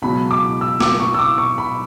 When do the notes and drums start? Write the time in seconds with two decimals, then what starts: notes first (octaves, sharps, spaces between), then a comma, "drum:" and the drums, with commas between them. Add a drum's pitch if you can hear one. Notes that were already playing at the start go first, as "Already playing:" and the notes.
0.02 C#2 B2 F#3 B5
0.31 D6
0.61 E6
0.80 D6, drum: snare
1.00 C#6
1.14 E6
1.19 D6
1.38 C#6
1.58 B5